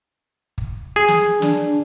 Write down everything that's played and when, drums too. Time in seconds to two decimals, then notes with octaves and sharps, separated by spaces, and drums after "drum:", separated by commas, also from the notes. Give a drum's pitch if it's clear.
0.58 drum: kick
0.96 G#4
1.08 drum: snare
1.42 D4, drum: snare